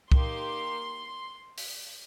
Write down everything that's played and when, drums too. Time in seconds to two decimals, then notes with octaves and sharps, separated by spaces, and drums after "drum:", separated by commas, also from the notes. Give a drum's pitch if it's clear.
0.12 A#3 D#4 G4 C6, drum: kick
1.58 drum: open hi-hat